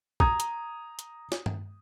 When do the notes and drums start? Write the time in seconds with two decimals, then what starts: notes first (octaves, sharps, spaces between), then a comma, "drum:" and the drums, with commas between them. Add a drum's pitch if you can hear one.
0.20 A#5 D#6 G#6, drum: kick
0.40 drum: hi-hat
0.99 drum: hi-hat
1.32 drum: snare
1.46 drum: tom G2